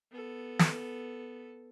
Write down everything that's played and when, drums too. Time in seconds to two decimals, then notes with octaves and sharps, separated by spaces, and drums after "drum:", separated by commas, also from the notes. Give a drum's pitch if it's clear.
0.11 B3 A4
0.59 drum: snare